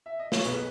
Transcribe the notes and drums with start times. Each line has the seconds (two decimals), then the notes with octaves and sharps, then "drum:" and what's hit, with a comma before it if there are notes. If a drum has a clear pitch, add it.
0.06 E5
0.19 D#5
0.32 C#5, drum: snare
0.44 B1 B2 G#4 B4, drum: hi-hat